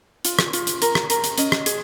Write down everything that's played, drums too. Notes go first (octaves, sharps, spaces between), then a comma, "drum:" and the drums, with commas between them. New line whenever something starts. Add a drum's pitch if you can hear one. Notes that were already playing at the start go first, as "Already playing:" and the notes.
F4, drum: hi-hat
drum: rim click
F4, drum: hi-hat
drum: hi-hat
A#4, drum: hi-hat
drum: rim click
A#4, drum: hi-hat
drum: hi-hat
C#4 D#5, drum: hi-hat
drum: rim click
G#4, drum: hi-hat